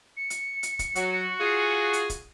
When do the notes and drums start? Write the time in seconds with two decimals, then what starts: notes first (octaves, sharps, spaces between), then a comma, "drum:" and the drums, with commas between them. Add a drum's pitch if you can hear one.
0.17 C#7
0.30 drum: hi-hat
0.63 drum: hi-hat
0.79 drum: kick, hi-hat
0.95 F#3 F#4, drum: hi-hat
1.40 F4 G#4
1.93 drum: hi-hat
2.10 drum: kick, hi-hat